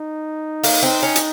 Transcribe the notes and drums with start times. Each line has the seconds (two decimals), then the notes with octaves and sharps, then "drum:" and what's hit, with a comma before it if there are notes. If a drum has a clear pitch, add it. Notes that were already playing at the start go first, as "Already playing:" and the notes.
Already playing: D#4
0.63 A#3, drum: open hi-hat
0.83 C4
1.03 C#4
1.15 drum: hi-hat